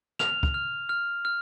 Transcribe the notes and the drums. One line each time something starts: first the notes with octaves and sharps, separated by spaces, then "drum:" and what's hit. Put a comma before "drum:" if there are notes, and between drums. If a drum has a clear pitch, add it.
F6 F7, drum: snare
drum: kick
F6
F6
F6